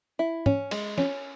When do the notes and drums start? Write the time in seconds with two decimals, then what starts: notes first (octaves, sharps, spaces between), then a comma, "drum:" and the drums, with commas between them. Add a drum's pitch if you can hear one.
0.19 E4
0.46 C#4, drum: tom
0.71 G#3, drum: cymbal
0.98 C#4, drum: snare